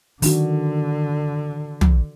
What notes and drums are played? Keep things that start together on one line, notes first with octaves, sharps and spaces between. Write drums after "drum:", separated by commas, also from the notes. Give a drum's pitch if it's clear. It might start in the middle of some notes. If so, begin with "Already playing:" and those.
D3 D#3 D4 F#4, drum: open hi-hat
drum: tom